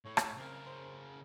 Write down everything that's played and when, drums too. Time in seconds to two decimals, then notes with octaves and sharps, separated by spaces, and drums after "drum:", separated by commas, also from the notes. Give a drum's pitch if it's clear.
0.05 A2 C#5
0.17 drum: rim click
0.38 C#3 C4 A#4
0.66 C5